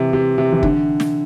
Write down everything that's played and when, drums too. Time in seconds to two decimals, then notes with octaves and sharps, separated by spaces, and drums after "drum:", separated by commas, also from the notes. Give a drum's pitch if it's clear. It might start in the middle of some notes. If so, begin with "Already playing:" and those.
Already playing: C3 E3
0.13 C3
0.38 C3
0.52 E3
0.63 D3, drum: kick
1.00 drum: snare